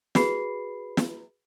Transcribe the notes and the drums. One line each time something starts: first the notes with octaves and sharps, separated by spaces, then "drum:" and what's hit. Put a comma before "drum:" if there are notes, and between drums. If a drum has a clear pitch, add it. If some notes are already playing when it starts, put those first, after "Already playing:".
F#4 G#4 B4 B5 C7, drum: snare
drum: snare